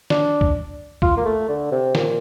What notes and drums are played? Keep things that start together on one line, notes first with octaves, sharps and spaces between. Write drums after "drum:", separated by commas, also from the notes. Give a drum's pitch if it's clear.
D4, drum: snare
drum: kick
F4, drum: kick
A#3
A3
D3
C3
A#2, drum: snare